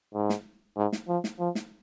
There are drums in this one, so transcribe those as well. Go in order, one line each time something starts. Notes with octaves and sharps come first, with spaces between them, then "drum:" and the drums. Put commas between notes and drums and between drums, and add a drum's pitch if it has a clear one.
G#2
drum: snare
G#2
drum: snare
F3
drum: snare
F3
drum: snare